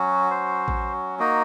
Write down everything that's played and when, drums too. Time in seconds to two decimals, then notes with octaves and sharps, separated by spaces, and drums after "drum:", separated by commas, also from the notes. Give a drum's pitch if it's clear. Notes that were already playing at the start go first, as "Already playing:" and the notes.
Already playing: F#3 C#4 F#4
0.31 C5
0.68 drum: kick A1
1.19 A#3 D#4 F#4 D#5